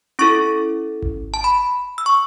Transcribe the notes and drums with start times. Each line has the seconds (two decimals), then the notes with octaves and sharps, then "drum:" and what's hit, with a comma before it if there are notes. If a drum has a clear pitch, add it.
0.19 C#4 E4 A4 C#6
1.02 drum: kick G#1
1.34 A5
1.44 B5
1.98 E6
2.06 C#6